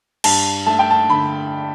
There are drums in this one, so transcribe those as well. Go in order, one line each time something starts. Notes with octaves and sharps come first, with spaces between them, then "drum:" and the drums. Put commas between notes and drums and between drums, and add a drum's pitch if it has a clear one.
G2 A5, drum: cymbal
A3 A5
G5
A5
D3 B5